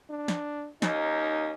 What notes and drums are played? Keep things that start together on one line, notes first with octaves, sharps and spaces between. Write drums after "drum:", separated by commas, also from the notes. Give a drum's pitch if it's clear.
D4
drum: snare
D#2 C#4 D#4 D#5, drum: snare